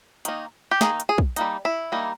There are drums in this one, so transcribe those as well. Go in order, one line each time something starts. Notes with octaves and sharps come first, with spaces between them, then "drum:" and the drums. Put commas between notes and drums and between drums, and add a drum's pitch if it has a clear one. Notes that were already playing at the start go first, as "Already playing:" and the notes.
D#3 A#3 D#4, drum: hi-hat
G4
D#3 A#3 D#4 G#4, drum: snare
drum: hi-hat
G#4
drum: kick
G3 A#3 D#4, drum: hi-hat
E4
G3 A#3 D#4